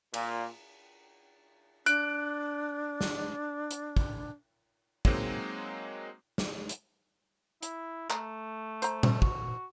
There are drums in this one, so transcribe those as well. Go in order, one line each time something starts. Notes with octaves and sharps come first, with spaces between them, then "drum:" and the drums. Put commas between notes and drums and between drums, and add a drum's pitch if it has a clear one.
A#2, drum: cymbal
D4 F#6 D7, drum: hi-hat
drum: snare
drum: hi-hat
drum: kick
F#3 G#3 A#3 C4 D#4, drum: kick
drum: snare
drum: hi-hat
E4, drum: hi-hat
A3 A#5, drum: clap
C5 A#5, drum: hi-hat
drum: tom A#2
F#4, drum: kick